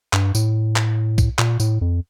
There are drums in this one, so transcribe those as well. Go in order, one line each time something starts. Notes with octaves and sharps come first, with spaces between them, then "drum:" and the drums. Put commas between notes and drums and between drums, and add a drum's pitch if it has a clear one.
G2, drum: clap
A2, drum: tambourine
drum: clap
drum: kick B1, tambourine
A#2, drum: clap
A2, drum: tambourine
F2